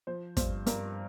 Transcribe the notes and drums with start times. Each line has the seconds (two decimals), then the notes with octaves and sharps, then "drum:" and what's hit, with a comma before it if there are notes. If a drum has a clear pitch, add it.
0.07 F3 C5
0.37 G2 C5, drum: kick, hi-hat
0.66 G2 A#4, drum: hi-hat